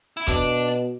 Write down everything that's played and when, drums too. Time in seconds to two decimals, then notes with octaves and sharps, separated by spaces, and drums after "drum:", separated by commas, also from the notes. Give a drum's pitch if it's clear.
0.17 E4
0.28 B2 D4, drum: kick, hi-hat